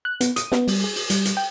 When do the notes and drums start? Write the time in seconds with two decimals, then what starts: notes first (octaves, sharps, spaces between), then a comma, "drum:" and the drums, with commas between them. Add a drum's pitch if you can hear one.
0.05 F#6
0.21 B3, drum: hi-hat
0.36 D#6, drum: hi-hat
0.52 B3, drum: snare
0.68 G3, drum: open hi-hat
0.84 G#4
0.95 drum: open hi-hat
1.10 G3, drum: hi-hat
1.25 drum: hi-hat
1.37 G5